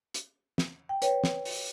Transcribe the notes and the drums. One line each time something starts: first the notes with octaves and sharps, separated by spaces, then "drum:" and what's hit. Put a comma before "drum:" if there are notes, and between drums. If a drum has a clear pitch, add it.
drum: hi-hat
drum: snare
G5
B4 C#5 G5, drum: hi-hat
drum: snare
drum: open hi-hat